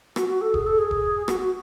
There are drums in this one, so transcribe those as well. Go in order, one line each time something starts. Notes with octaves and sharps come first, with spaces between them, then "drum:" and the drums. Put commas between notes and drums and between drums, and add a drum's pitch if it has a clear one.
F#4, drum: rim click
F#4
A4
G#4, drum: kick E1
A4
G#4
drum: kick E1
F#4, drum: rim click
F#4